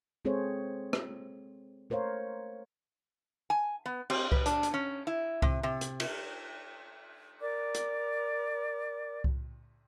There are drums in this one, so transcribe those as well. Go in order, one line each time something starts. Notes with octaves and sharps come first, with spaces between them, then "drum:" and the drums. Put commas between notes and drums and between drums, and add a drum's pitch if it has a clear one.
G#3 C4 G#4 A4 C5 C#5
drum: rim click
A3 A#4 C5 C#5 F5
G#5
B3
C4, drum: cymbal
B4, drum: kick C2
D4, drum: hi-hat
drum: hi-hat
C#4
E4
C3, drum: kick C2
C3
drum: hi-hat
drum: cymbal
A#4 D5 D6
drum: hi-hat
drum: kick C2